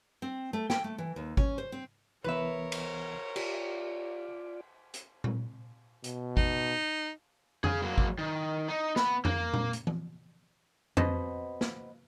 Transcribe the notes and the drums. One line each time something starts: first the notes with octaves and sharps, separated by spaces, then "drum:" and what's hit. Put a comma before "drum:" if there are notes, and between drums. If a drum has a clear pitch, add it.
C4
A3
G5, drum: snare
A3
E3
D#2
C#4, drum: kick G#1
C5
C4
C2 E3 B3 A#4 B4 C#5 E5
drum: cymbal
F4 G4 D5, drum: cymbal
drum: hi-hat
drum: tom A#2
B2, drum: hi-hat
D#4, drum: kick G#1
G#4 F5, drum: tom F2
F#3 A#3
drum: kick G#1
D#3
D#4
B3, drum: snare
A#3, drum: tom F2
drum: tom A#2
drum: hi-hat
drum: tom E3
B2 C4 C5 D#5 B5, drum: tom F2
drum: snare